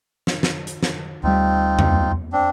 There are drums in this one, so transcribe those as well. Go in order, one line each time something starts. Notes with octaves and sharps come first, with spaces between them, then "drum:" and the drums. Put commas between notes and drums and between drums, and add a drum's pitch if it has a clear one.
drum: snare
drum: snare
drum: hi-hat
drum: snare
D2 G3 C4 D#4 F4
drum: tom E2
C4 D4